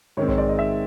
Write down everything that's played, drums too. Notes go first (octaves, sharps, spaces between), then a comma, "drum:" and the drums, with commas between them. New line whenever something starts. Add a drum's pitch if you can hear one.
G#2 D#3 G#3 C4 C#5
C#5, drum: kick A#1
D5
D#5
E5